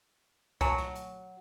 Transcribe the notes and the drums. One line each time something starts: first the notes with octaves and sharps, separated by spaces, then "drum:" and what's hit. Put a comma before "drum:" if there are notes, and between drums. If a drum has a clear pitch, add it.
F#3 G#5 A5 C#6, drum: kick C2, hi-hat
drum: snare
drum: hi-hat